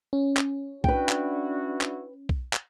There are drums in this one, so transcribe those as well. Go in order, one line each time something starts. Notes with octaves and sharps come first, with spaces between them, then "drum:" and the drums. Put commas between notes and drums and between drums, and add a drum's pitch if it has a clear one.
C#4
drum: clap
D4 E4 F#4 B4 G5, drum: kick B1
drum: clap
drum: clap
drum: kick B1
drum: clap